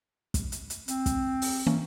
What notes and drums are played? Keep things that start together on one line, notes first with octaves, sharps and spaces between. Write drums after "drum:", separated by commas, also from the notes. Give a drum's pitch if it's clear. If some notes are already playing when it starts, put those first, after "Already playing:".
drum: kick, hi-hat
drum: hi-hat
drum: hi-hat
C4, drum: hi-hat
drum: kick, hi-hat
drum: open hi-hat
E3 A#3 C#4